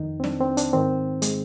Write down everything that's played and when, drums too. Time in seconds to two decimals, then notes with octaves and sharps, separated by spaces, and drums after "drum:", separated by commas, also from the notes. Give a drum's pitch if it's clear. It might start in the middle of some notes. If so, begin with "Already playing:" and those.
Already playing: F2 D#3 D#4
0.20 C4
0.24 D4, drum: snare
0.41 C4
0.57 D4, drum: hi-hat
0.73 G#2 D#3 C4
1.22 G#3, drum: hi-hat